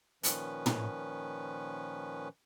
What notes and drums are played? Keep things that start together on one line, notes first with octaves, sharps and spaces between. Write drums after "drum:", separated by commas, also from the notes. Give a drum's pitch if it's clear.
A#2 D#3 F3 C#4 B4, drum: hi-hat
drum: tom